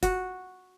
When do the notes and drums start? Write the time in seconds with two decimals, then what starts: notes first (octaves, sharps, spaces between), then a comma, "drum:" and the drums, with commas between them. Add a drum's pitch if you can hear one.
0.03 F#4, drum: kick F#1, hi-hat